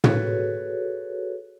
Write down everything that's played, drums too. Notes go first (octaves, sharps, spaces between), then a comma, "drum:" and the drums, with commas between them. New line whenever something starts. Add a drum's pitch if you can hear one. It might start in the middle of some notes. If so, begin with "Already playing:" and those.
F#4 G#4 A4 B4 C#5, drum: tom